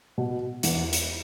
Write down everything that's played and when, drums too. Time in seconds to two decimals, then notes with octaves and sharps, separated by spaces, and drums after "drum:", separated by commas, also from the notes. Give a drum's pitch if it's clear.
0.18 B2
0.63 E2, drum: hi-hat
0.93 drum: hi-hat